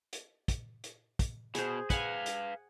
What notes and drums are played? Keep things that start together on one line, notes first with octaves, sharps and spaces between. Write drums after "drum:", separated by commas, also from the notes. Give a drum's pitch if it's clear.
drum: hi-hat
drum: kick, hi-hat
drum: hi-hat
drum: kick, hi-hat
B2 G#4 C5, drum: hi-hat
B4 F5 F#5 G#5, drum: kick, hi-hat
drum: hi-hat